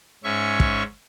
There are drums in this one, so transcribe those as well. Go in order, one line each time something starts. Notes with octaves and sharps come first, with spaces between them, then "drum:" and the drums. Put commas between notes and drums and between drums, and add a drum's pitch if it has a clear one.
G#2 C#4 E5 C#6
drum: kick